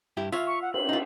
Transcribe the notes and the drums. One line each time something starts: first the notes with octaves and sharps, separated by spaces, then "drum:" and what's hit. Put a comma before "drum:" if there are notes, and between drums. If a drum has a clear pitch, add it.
G2 E4 G4
F4 C#5 E5 F5
C#6
F#5
F#7, drum: cymbal
D#4 F4